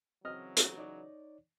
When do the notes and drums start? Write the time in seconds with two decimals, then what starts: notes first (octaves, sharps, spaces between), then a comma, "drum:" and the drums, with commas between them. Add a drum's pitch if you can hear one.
0.25 C#3 E3 F#3 C4 D#5 F6
0.57 drum: hi-hat
0.77 D#4 C#5 D5